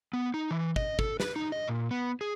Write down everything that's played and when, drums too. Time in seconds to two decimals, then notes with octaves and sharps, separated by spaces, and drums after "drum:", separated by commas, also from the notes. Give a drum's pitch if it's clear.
0.13 B3
0.34 D#4
0.51 E3
0.76 D#5, drum: kick
0.99 A4, drum: kick
1.20 B4, drum: snare
1.36 D#4
1.52 D#5
1.68 A#2
1.91 B3
2.21 G#4